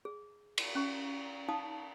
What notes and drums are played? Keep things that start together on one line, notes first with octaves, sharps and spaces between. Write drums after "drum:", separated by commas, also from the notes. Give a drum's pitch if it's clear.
G#4
drum: cymbal
C#4 C#6
D#4 F5 A5 D#6